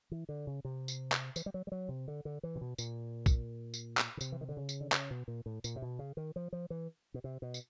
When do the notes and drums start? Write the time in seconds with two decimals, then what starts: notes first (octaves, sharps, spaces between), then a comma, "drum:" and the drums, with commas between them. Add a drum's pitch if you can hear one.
0.11 E3
0.29 D3
0.47 C#3
0.65 C3
0.88 drum: tambourine
1.12 drum: clap
1.36 E3, drum: tambourine
1.46 G3
1.54 F#3
1.67 G3
1.72 F#3
1.89 C3
2.08 D3
2.25 D3
2.43 E3
2.56 C3
2.61 B2
2.78 A#2, drum: tambourine
3.26 drum: kick, tambourine
3.74 drum: tambourine
3.97 drum: clap
4.17 C#3
4.21 C3, drum: tambourine
4.32 E3
4.41 D#3
4.49 D3
4.57 C#3
4.69 drum: tambourine
4.81 D3
4.92 C#3, drum: clap
5.11 B2
5.28 A#2
5.46 A2
5.64 A#2, drum: tambourine
5.76 C3
5.82 B2
5.99 C#3
6.17 D#3
6.36 F3
6.53 F3
6.70 E3
7.14 B2
7.24 C3
7.42 B2
7.54 drum: tambourine